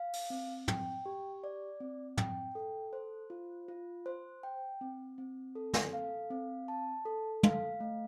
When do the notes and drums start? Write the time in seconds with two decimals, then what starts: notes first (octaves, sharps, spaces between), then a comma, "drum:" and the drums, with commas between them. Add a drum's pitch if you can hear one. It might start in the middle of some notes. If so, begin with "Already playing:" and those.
Already playing: F5
0.13 drum: open hi-hat
0.30 C4
0.68 G5, drum: tom
1.06 G4
1.44 D5
1.80 C4
2.17 G5, drum: tom
2.55 A4
2.93 C5
3.30 F4
3.68 F4
4.06 C5
4.43 G5
4.81 C4
5.18 C4
5.55 A4
5.73 drum: snare
5.93 F5
6.30 C4
6.68 A5
7.05 A4
7.43 F5, drum: tom
7.80 A3